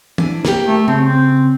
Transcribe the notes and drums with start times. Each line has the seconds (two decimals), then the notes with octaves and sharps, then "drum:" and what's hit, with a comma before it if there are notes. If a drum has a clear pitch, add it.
0.18 D4 E4 G#5, drum: tom
0.45 A#3 G4, drum: snare
0.66 A3
0.88 C#3 C4
1.05 C4